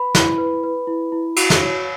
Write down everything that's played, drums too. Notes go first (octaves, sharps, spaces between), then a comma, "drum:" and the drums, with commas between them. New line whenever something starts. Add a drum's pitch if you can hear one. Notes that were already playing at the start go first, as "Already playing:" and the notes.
Already playing: B4 B5
E4, drum: snare
B4
B4
E4
E4
F#4, drum: cymbal
drum: snare
C#5